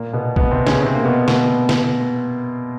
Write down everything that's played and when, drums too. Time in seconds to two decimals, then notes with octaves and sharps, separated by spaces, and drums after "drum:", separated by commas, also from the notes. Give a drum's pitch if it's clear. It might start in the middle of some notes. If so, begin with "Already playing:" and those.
Already playing: A#2 A#3
0.13 B2 B3
0.36 B2 B3, drum: kick A#1
0.51 C3 C4
0.67 C#3 C#4, drum: snare
0.82 C3 C4
0.95 A#3
1.05 B2 B3
1.28 B2 B3, drum: snare
1.69 drum: snare